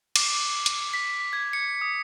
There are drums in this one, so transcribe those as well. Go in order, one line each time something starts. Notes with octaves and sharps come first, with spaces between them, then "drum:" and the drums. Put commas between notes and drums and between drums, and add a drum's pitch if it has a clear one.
D6, drum: cymbal
drum: hi-hat
B6
G#6
C#7
D#6